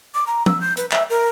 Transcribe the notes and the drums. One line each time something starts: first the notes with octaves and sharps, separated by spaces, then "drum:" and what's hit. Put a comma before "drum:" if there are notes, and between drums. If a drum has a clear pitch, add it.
D6
A#5
E6, drum: tom
G6
B4, drum: hi-hat
E5, drum: clap
A#4